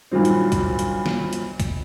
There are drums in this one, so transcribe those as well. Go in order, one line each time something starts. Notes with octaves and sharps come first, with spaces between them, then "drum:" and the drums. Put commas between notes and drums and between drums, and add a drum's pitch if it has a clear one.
G2 A#2 D#3 F#3 C4
drum: hi-hat
drum: kick C2, hi-hat
drum: hi-hat
drum: snare
drum: hi-hat
drum: kick C2, hi-hat